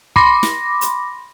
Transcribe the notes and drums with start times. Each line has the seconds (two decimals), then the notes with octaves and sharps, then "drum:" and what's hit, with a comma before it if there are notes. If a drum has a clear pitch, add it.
0.16 B5 C6 D6 A#6, drum: kick
0.43 drum: snare
0.81 drum: hi-hat